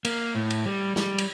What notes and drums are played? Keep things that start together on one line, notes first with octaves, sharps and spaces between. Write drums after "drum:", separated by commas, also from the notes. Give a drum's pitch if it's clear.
A#3, drum: cymbal
A2
drum: cymbal
G3
G3, drum: snare
drum: cymbal